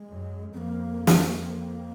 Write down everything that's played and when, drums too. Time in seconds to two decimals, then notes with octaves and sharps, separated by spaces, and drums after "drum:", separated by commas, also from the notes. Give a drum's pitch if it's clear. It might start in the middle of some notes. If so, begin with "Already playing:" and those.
Already playing: G#3
0.09 F#2
0.53 F2 A#3 C4
1.07 drum: snare
1.41 A#3